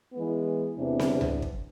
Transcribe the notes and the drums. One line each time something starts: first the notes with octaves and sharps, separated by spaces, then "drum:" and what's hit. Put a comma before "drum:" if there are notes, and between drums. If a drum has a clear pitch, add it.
E3 G#3 B3
E2 C3 E3 B3 D4
drum: snare C4
drum: tom C#2
drum: kick